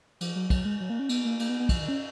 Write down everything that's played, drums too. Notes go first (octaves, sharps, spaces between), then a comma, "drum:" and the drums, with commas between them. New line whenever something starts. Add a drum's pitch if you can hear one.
F3, drum: cymbal
F#3
F#3, drum: kick, cymbal
G#3
F#3
A#3
C#4
B3, drum: cymbal
A#3
A#3, drum: cymbal
B3
B3
F3, drum: kick, cymbal
D#3
C#4